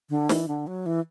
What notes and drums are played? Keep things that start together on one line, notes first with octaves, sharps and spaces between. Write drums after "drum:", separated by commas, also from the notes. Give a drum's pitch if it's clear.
D3
E3, drum: snare
D3
F#3
E3